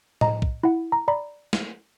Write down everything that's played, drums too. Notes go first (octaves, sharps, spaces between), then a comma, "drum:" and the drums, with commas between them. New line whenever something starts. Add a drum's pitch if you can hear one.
D#5 A#5, drum: tom A2
drum: kick B1
E4 F#5
A#5
D5 A#5 B5
drum: snare